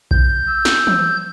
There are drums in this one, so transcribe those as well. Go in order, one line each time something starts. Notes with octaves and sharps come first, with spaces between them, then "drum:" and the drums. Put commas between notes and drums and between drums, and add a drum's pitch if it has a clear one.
G6, drum: kick B1
E6
drum: snare
drum: tom E3